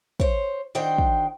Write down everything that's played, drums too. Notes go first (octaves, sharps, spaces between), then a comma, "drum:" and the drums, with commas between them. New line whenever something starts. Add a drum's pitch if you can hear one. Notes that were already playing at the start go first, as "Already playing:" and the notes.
C5 C#5, drum: kick
D#3 D4 F#4 C5 G5
drum: kick